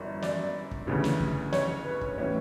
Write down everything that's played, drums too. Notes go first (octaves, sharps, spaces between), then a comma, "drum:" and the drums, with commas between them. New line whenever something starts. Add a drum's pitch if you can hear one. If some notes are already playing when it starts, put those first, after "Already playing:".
Already playing: G1 F#2 E3 D5 E5
D5, drum: snare
drum: kick
D2 C#3 E3
drum: snare
drum: kick
C#5, drum: snare
B4
drum: kick
A2 E3 C#4